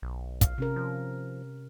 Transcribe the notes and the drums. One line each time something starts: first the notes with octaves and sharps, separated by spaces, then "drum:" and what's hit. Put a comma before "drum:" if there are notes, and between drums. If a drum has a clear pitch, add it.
B1
F5, drum: kick, hi-hat
C3 C#4 A#4
F3